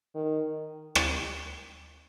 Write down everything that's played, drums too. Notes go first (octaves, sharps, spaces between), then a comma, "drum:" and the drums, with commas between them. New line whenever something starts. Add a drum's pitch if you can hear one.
D#3
drum: rim click